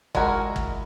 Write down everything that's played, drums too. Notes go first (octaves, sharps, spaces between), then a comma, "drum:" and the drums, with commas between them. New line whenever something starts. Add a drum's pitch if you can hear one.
G#3 E4 F#4 A#4, drum: kick
drum: kick